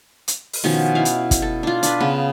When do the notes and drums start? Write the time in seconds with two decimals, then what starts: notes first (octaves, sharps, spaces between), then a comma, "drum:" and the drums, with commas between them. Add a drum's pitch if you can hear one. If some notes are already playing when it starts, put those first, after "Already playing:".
0.28 drum: hi-hat
0.53 drum: open hi-hat
0.64 B2 D#3 F3 C#4
0.95 E4 F5
1.05 drum: hi-hat
1.31 drum: kick, hi-hat
1.42 A4
1.63 D4 F4
1.83 D4 B4, drum: hi-hat
2.00 C#3 B3